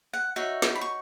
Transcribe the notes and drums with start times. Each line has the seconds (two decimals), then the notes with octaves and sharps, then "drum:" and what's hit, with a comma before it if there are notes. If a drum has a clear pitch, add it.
0.13 F#5
0.36 D#4 F#4 C#5 E5
0.62 drum: snare
0.75 B5
0.81 C#6